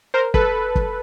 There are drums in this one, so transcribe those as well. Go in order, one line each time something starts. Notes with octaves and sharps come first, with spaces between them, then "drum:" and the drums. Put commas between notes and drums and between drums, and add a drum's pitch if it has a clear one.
A#4 C5
A4 B4, drum: kick
drum: kick